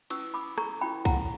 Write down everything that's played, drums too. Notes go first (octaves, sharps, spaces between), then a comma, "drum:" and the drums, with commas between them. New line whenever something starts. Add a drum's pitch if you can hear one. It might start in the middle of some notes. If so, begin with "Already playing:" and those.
C#4 E4 B4 C#6 E6, drum: cymbal
B5 D6
A#5 C#6, drum: rim click
C#4 E4 B4 G5 B5
F#5 A#5, drum: kick, cymbal